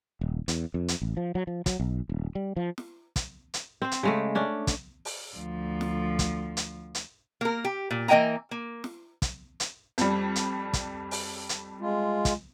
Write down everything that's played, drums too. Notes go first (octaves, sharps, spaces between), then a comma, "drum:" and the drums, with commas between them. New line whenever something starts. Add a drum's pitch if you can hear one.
D#1
E2, drum: hi-hat
F2
drum: hi-hat
A1
F3
F#3
F3
F#3, drum: kick, hi-hat
B1
D#1
G3
F3
drum: snare
drum: kick, hi-hat
drum: hi-hat
C4 C5
drum: hi-hat
C#3 G#3 A3
C#4 D4
drum: kick, hi-hat
drum: open hi-hat
D2 F3
drum: snare
drum: kick, hi-hat
drum: hi-hat
drum: hi-hat
A#3 A#4
G4
A#2
E3 A#3 D#5 G5 G#5 A#5
A#3
drum: snare
drum: kick, hi-hat
drum: hi-hat
F2 G3, drum: hi-hat
drum: hi-hat
drum: kick, hi-hat
drum: open hi-hat
drum: hi-hat
G#3 F4
drum: kick, hi-hat